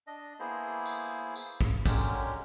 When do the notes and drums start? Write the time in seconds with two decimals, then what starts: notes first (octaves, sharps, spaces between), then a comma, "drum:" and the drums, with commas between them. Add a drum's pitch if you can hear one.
0.07 D4 D#5
0.40 A#3 B3 E4 G#4 C5
0.86 drum: tambourine
1.36 drum: tambourine
1.61 drum: kick
1.86 D3 F#3 G#3 C#4 G4 A#4, drum: kick, tambourine